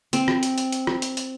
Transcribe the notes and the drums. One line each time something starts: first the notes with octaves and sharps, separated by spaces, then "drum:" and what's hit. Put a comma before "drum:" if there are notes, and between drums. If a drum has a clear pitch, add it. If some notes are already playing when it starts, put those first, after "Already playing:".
C4, drum: hi-hat
drum: rim click
drum: hi-hat
drum: hi-hat
drum: hi-hat
drum: rim click
drum: hi-hat
drum: hi-hat